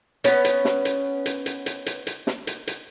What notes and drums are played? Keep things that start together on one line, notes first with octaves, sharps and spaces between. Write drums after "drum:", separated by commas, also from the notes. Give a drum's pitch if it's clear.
B3 C#4, drum: hi-hat
drum: hi-hat
drum: snare
drum: hi-hat
drum: hi-hat
drum: hi-hat
drum: hi-hat
drum: hi-hat
drum: hi-hat
drum: snare
drum: hi-hat
drum: hi-hat